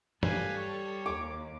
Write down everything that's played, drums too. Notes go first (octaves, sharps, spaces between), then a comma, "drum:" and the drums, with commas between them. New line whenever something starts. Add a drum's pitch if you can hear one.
G3 A4 B4 F5 G#5, drum: tom G2
C#5
D#2 D6